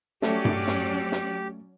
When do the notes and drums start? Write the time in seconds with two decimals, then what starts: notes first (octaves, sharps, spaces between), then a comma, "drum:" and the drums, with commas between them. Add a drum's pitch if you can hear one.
0.22 F#3 A3 C#4 G4 D5, drum: snare
0.45 drum: tom G2
0.67 drum: snare
1.12 drum: snare